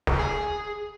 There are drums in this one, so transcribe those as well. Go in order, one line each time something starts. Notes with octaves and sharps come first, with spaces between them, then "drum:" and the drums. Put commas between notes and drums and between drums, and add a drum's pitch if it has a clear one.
drum: snare
G#4